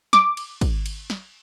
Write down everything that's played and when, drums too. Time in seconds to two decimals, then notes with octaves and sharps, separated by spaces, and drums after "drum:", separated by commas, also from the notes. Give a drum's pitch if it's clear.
0.13 D6, drum: snare
0.37 drum: cymbal
0.61 drum: kick, cymbal
0.86 drum: cymbal
1.10 drum: snare